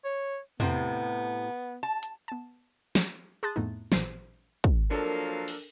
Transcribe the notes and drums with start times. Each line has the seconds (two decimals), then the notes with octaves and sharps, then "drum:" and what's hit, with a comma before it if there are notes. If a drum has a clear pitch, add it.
0.04 C#5
0.60 A2 C3 B3, drum: tom E2
1.83 A5
2.03 drum: hi-hat
2.28 B3 A5
2.95 drum: snare
3.43 G#4 A5 C6 D#6 F#6 A6
3.56 F2 A2 A3 B3 D#4
3.92 A1 A#2 E3 C5 C7, drum: snare
4.64 drum: kick
4.91 F3 F#3 A#3 D4 A4 A#4
5.48 drum: open hi-hat